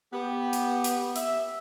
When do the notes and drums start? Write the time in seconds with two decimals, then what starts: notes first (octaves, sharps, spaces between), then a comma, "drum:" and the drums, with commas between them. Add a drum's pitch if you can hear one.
0.13 B3 G4
0.53 drum: hi-hat
0.84 drum: hi-hat
1.16 E5, drum: hi-hat